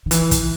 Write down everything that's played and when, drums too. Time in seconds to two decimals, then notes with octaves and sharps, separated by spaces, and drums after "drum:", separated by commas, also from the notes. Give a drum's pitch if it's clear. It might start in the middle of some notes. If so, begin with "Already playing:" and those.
0.06 D3
0.11 E3, drum: hi-hat
0.31 drum: kick, hi-hat